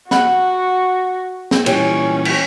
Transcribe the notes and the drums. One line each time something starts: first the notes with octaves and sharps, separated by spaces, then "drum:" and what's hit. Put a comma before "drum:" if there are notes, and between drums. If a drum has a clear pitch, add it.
F#4 F#5 B5, drum: snare
drum: snare
A#2 E3 G3 C#4 G4 C#5, drum: cymbal
drum: cymbal